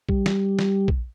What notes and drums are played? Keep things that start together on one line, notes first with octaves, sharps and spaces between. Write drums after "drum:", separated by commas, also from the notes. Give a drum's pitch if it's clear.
G3, drum: kick B1
drum: snare
drum: snare
drum: kick B1